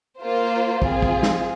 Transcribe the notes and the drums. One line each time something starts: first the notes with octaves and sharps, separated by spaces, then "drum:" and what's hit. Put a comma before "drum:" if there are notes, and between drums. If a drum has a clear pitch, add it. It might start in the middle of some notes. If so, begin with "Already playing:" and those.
A#3 F4 C5
C4 F4 G#4, drum: kick
drum: kick
drum: snare